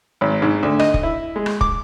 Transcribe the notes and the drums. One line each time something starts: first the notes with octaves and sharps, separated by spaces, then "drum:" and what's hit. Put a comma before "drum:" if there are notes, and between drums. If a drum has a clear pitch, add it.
G#1
G#2
D2
D#5, drum: rim click
drum: kick
E4
G#3
drum: rim click
D6, drum: kick